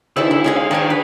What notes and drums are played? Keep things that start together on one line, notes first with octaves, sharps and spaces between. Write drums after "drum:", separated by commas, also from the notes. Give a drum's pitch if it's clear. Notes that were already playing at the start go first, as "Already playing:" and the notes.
D#3 D#4 E4 A4, drum: cymbal
D3
G#3 C#4 G#4
F5
D#3 D4 D5 G#5
B4